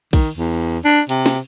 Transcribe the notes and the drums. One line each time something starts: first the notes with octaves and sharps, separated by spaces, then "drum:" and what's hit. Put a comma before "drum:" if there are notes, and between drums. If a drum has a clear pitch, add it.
D#3, drum: kick A#1, cymbal
E2
D4
C3, drum: cymbal
drum: snare